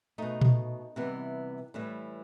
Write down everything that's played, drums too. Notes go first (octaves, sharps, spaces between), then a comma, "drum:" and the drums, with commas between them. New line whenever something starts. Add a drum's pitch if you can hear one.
B2 A3 D#4
drum: tom A#2
C3 E3 G3 B3
A2 E3 G3